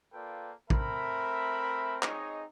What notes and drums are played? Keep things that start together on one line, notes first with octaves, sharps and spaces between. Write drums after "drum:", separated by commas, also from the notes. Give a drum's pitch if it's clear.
A#3 F4 A4 B4 D5 G5
A3 C4 A#4 E5 B5, drum: kick
C4 D#4 G#4 C#5 D#5, drum: clap